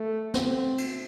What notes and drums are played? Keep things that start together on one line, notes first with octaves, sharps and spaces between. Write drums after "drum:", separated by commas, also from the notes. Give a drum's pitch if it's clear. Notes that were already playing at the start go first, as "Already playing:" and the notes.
Already playing: A3
C4, drum: snare
drum: cymbal